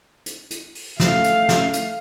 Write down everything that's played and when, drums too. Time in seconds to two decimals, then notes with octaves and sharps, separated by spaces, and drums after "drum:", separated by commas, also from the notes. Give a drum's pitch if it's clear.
0.26 drum: hi-hat
0.50 drum: hi-hat
0.75 drum: open hi-hat
1.00 A3 F5, drum: snare
1.24 drum: hi-hat
1.49 drum: snare
1.73 drum: hi-hat